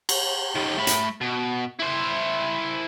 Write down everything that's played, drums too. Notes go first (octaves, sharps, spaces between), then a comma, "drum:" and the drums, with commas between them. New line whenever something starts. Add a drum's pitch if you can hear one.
drum: cymbal
D#3 G3
A3 B5
drum: hi-hat
B2
E4 C5